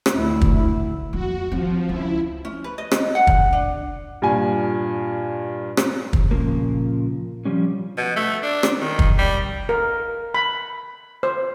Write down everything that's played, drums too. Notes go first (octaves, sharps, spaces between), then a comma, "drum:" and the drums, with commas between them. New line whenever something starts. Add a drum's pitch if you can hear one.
drum: rim click
D2 E4
drum: kick
F2 A#3 F#4
D#3 F3 C4
C#2 E4
C#4
B4
D#5
drum: rim click
F#5
drum: kick
D4
G2 A#2 G#5
drum: rim click
drum: kick
A#2 C#3 F3 A#3
F3 G3 C#4
B2
A3
D4
drum: rim click
D#3
drum: kick
G3
A#4
B5
C5